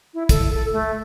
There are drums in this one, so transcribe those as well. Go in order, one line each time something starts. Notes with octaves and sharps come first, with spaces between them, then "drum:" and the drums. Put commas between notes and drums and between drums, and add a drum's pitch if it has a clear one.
E4
A4, drum: kick, hi-hat
A4
A3